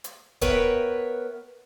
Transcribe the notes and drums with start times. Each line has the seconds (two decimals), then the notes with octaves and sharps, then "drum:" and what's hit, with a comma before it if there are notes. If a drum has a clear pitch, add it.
0.04 drum: hi-hat
0.41 B3 A#4 B4 C#5 E5 G5, drum: kick D1, hi-hat